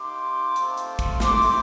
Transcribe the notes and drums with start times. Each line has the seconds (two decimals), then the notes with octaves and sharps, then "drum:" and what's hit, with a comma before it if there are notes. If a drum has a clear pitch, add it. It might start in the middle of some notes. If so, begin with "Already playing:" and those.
Already playing: A#3 D#4 G4 C6 D6
0.56 A3 C4 F4, drum: hi-hat
0.77 drum: hi-hat
0.99 drum: kick, hi-hat
1.20 C4 E4 G4 C6 D6, drum: snare
1.42 drum: open hi-hat